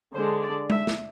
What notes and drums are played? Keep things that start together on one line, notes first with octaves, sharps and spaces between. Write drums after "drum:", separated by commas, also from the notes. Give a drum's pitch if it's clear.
D3 G#3 D4 C5
D5
E5, drum: tom G#3
drum: snare